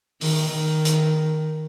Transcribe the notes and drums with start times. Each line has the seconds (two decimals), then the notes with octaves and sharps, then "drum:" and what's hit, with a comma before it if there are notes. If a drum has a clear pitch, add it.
0.21 D#3, drum: open hi-hat
0.49 D#3
0.85 drum: hi-hat